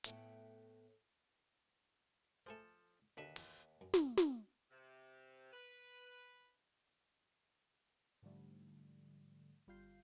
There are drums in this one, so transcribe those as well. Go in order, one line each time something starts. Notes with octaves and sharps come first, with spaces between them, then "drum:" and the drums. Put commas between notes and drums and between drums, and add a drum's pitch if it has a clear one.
A2 A3 B3 A4 G5, drum: hi-hat
F3 A3 G#4 A4 C5
D#2 B2 D3 D4 B4 E5
E2, drum: open hi-hat
F#2
drum: snare
drum: snare
C3
B4
G#2 D3 F3 G3 A3
G1 G3 F4 F5 G6 C7